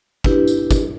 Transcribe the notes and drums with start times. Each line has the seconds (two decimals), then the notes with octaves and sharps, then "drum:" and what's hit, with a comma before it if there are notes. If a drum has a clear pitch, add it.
0.24 D4 E4 G4 B4, drum: kick
0.48 drum: tambourine
0.71 drum: kick, tambourine